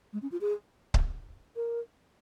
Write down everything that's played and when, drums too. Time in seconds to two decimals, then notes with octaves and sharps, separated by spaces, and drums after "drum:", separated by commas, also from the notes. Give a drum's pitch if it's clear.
0.13 G#3
0.22 C#4
0.32 F4
0.41 G#4
0.94 drum: kick C#1
1.56 A#4